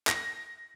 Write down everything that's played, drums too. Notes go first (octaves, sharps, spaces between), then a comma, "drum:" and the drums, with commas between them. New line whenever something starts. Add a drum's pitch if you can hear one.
A#6, drum: clap